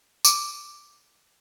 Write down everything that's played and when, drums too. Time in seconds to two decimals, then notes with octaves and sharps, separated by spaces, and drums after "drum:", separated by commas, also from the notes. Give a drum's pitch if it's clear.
0.25 D6, drum: tambourine